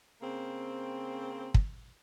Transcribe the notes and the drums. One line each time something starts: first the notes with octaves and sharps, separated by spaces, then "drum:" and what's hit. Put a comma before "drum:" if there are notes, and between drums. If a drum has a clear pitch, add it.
C#3 A#3 C4
drum: kick